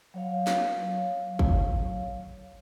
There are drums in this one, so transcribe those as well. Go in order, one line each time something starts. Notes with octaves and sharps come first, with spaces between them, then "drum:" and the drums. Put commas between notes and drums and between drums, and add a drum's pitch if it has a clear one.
F#3 C#5 F5
drum: snare
drum: kick